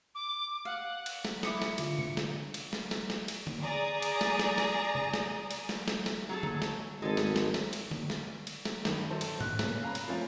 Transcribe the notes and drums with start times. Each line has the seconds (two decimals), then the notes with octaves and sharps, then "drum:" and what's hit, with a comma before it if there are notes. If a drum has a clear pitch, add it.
0.15 D6
0.65 F5 F#5
1.06 drum: cymbal
1.25 drum: snare
1.43 E4 D6 D#6 C#7, drum: snare
1.62 drum: snare
1.78 D3 F4, drum: cymbal
1.99 drum: tom C3
2.17 drum: snare
2.54 drum: cymbal
2.73 drum: snare
2.91 drum: snare
3.10 drum: snare
3.28 drum: cymbal
3.47 drum: tom D3
3.60 G#4 D5 A#5 D#6
4.02 drum: cymbal
4.21 drum: snare
4.39 drum: snare
4.58 drum: snare
4.95 drum: tom C3
5.14 drum: snare
5.51 drum: cymbal
5.69 drum: snare
5.88 drum: snare
6.06 drum: snare
6.29 F#3 G#4 A4
6.43 drum: tom D3
6.62 drum: snare
7.02 G#1 G#3 A4
7.17 drum: snare
7.36 drum: snare
7.54 drum: snare
7.73 drum: cymbal
7.91 drum: tom D3
8.10 drum: snare
8.47 drum: cymbal
8.65 drum: snare
8.85 G2 D#3, drum: snare
9.10 A#1 D#3 F#3 A4 C5 A5
9.21 drum: cymbal
9.41 F#6, drum: tom G#2
9.59 C#3 A#3 B3 C#4, drum: snare
9.83 F5 A#5 B5
9.95 drum: cymbal
10.08 F3 A3 C4 C#4 F4